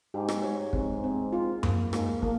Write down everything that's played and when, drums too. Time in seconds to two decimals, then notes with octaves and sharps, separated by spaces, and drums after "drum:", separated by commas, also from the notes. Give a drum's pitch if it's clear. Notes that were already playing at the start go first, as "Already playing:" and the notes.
0.14 G#2 G4
0.29 drum: rim click
0.43 C#5
0.73 G#2 C4, drum: kick
1.04 C4
1.33 F4
1.63 A#3, drum: tom F#2
1.93 G#2 A#3, drum: rim click
2.22 A#3, drum: kick